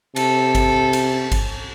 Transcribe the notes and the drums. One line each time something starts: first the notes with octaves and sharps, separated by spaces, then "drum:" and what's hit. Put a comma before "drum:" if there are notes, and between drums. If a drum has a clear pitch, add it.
C3 A4, drum: cymbal
drum: kick G1, cymbal
drum: cymbal
drum: kick G1, cymbal